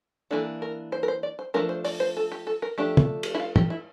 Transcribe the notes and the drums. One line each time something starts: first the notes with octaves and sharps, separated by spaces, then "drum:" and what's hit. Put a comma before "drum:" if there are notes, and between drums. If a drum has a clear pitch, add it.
E3 A#3 D4 A4
A#4
C5
A#4
C5
D5
C5
F3 A3 D4 A#4
C5
D5, drum: open hi-hat
C5
A4
G4
A4
A#4
F3 A3 D4 G4
drum: tom
drum: cymbal
E4
F4
G4, drum: tom
E4